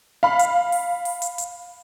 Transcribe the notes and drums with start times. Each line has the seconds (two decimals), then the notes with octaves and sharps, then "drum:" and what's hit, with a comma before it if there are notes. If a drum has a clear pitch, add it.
0.23 F5 B5
0.39 drum: hi-hat
0.72 drum: open hi-hat
1.05 drum: open hi-hat
1.22 drum: hi-hat
1.38 drum: hi-hat